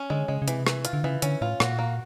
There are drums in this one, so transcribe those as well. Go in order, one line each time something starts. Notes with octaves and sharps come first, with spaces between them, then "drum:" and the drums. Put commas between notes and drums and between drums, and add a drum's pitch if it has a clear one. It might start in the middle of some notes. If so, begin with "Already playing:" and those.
Already playing: C#4
D3 G#3
C#3 G#3
C#3
C3 E3, drum: hi-hat
E3, drum: rim click
F4, drum: hi-hat
D3
C#3 E3
D3 C#4, drum: hi-hat
A2 F4
A#2 F#4, drum: rim click
A#3